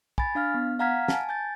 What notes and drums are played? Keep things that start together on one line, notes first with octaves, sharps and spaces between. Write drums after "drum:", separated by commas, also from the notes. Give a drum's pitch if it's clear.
G#5 B5 A6, drum: kick
D4 F5 F6
B3
F5 F#5 A#5 F6 G#6 B6
G#5 A5, drum: snare
G#5 G6 A6